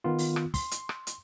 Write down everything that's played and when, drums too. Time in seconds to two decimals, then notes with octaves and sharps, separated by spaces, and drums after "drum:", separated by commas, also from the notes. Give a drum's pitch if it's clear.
0.04 D#3 B3 F4
0.18 drum: open hi-hat
0.36 drum: rim click
0.54 C6, drum: kick, open hi-hat
0.71 drum: hi-hat
0.89 drum: rim click
1.07 drum: hi-hat